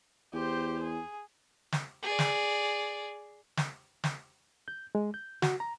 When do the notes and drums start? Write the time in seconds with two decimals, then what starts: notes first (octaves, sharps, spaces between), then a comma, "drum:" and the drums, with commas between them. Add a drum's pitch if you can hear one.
0.33 E2 G4 C5
0.83 G#4
1.72 drum: snare
2.03 G#4 D5
2.19 drum: snare
3.57 drum: snare
4.04 drum: snare
4.68 G6
4.95 G#3
5.14 G6
5.42 F#4, drum: snare
5.60 A#5